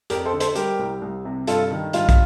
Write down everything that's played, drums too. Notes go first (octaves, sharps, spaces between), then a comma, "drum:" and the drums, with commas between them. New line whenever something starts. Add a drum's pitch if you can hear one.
F2 G4 A#4, drum: hi-hat
A4 C5
D3
A4 C5, drum: hi-hat
G3 G4 A#4, drum: hi-hat
C2
C2
C3
G2 F4 A4, drum: hi-hat
D#3
G2 F4, drum: hi-hat
drum: kick, hi-hat